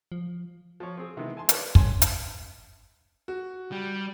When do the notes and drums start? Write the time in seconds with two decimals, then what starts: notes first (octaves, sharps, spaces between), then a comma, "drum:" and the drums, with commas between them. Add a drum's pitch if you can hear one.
0.12 F3
0.80 F3 C#5
0.97 C4 G#4
1.17 C3 D#3 E3 G#3 B3
1.37 G#5 A5 C6
1.49 G4 A#4 B4 C#5 D5, drum: hi-hat
1.75 C#4 G#5 A5 C6, drum: kick
2.02 drum: hi-hat
3.28 F#4
3.72 G3